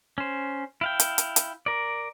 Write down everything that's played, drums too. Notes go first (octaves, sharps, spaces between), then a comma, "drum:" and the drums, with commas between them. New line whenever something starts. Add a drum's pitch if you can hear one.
C#4 C5
E4 F5 G5
drum: hi-hat
drum: hi-hat
drum: hi-hat
A#4 D5